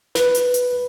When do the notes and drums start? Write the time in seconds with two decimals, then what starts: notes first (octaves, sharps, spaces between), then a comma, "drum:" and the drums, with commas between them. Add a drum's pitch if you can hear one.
0.15 B4, drum: snare
0.35 drum: hi-hat
0.54 drum: hi-hat